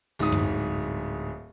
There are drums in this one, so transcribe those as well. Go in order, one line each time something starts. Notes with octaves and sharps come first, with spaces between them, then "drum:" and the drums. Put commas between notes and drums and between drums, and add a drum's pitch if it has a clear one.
D1 G#2 D#6, drum: tambourine
drum: tom F#2